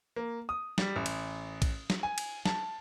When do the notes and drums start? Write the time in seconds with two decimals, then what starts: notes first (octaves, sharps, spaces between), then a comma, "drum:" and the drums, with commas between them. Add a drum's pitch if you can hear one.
0.16 A#3
0.49 D#6
0.78 G3, drum: snare
0.96 A1
1.06 drum: cymbal
1.62 drum: kick A#1, cymbal
1.90 drum: snare
2.03 G#5
2.18 drum: cymbal
2.46 A5, drum: snare